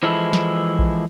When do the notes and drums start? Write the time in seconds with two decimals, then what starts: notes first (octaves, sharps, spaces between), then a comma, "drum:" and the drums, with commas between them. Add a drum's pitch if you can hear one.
0.03 E3 F3 G#3 E4 A4
0.33 drum: snare
0.79 drum: kick A#1